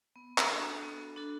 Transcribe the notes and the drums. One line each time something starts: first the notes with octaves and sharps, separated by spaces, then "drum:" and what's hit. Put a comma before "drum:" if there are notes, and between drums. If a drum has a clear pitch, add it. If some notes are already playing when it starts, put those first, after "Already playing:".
B3
drum: clap
D4 F#4 A4
B3
D4 F#4 A4